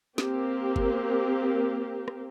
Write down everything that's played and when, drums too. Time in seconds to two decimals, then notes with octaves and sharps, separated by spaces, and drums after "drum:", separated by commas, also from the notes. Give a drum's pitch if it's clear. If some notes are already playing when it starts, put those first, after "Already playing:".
0.18 A#3 C4 G4 A#4, drum: snare
0.76 drum: kick
2.08 drum: rim click